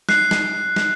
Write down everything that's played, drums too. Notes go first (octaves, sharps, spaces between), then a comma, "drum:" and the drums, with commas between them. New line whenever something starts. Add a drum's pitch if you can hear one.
F#6 C7, drum: snare
drum: snare
drum: snare